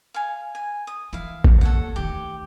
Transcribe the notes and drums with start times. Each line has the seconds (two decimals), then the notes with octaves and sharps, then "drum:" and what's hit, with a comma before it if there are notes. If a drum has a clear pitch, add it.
0.14 F5 G#5
0.55 G#5
0.87 D#6
1.13 E3 E4 F5
1.44 drum: kick A1
1.61 D#2 A4 C#5 F#5
1.96 D2 D#3 G4